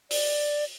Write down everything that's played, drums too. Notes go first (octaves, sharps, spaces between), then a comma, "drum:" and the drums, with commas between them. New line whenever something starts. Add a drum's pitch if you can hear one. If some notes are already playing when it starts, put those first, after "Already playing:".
D5, drum: open hi-hat